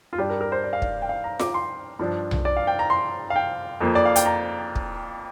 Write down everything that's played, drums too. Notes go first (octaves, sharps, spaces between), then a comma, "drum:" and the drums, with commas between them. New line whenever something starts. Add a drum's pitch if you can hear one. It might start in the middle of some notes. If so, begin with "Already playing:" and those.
F4
G2 G3 D4 G4
A#4
A#4
C5
D5
F5
D5, drum: kick
G5
F5
A#5
D6, drum: snare F4
C6
G2 F3 D4
drum: tom B1
D5
F5
G5
A#5
C6
F5
G5
F2 F3 A#3
D5
F5
G5, drum: hi-hat
A#5
drum: kick